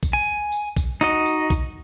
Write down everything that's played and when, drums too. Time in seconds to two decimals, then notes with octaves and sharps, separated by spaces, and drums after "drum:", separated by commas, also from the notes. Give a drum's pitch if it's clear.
0.03 drum: kick A#1, tambourine
0.13 G#5
0.52 drum: tambourine
0.77 drum: kick A#1, tambourine
1.01 D#4 F#4 D#5, drum: tambourine
1.26 drum: tambourine
1.50 drum: kick A#1, tambourine